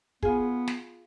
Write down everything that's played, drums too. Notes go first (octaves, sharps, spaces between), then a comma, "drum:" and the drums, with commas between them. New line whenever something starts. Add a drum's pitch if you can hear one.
B3 F4 G#4, drum: kick
drum: snare